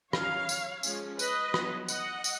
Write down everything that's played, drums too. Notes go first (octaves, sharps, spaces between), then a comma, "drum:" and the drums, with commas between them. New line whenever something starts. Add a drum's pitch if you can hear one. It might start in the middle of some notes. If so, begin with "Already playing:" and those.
D#3 F#3 C#4 C#5 F5, drum: rim click
drum: tambourine
F3 G#3 C#4, drum: tambourine
B4 D#5, drum: tambourine
F#3 B3, drum: rim click
D#5 F#5, drum: tambourine
drum: tambourine